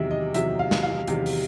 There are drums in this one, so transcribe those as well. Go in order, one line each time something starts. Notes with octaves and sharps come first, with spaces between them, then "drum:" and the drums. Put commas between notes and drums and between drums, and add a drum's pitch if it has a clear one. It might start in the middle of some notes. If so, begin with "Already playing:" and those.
Already playing: E2 C3 D#3 F#3 E5
D#5
E2 C3 D#3 F#3 E5, drum: hi-hat
F5
drum: snare
F5
E2 C3 D#3 F#3, drum: hi-hat
drum: open hi-hat